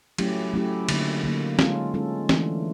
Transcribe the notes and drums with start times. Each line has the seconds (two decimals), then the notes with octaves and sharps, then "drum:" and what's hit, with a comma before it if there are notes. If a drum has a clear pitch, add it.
0.18 F#3 A3 C#4 E4 G4, drum: cymbal
0.54 F#3 A3 C#4 E4 G4
0.89 D3 F#3 A#3 D#4, drum: cymbal
1.23 D3 F#3 A#3 D#4
1.59 G#3 C#4 F4 A4, drum: snare
1.94 G#3 C#4 F4 A4
2.29 E3 A3 D4, drum: snare